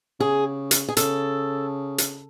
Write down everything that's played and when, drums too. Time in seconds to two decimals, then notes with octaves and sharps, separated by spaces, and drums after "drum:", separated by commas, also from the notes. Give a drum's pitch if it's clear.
0.20 C#3 G#4
0.71 drum: hi-hat
0.89 G#4
0.97 C#3 A4, drum: hi-hat
1.98 drum: hi-hat